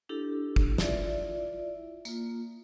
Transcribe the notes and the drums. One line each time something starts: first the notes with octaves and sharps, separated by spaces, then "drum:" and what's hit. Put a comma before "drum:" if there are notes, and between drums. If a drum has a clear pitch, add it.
D4 E4 G4 A4
drum: kick
E4 F4 D5 E5, drum: snare
A#3 F4, drum: tambourine